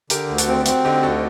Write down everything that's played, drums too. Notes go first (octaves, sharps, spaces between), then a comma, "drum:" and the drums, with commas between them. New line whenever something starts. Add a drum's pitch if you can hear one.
D3 G4 A#4, drum: hi-hat
D2
F#4 A4, drum: hi-hat
C4
C4 F#4, drum: hi-hat
D3 D#4 G4
D2 F#4 A4